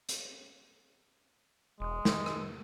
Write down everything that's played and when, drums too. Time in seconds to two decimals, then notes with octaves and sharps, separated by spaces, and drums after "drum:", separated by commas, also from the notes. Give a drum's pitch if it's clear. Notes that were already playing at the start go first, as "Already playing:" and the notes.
0.09 drum: hi-hat
1.80 E1 G#3
2.05 D#3, drum: snare
2.26 drum: rim click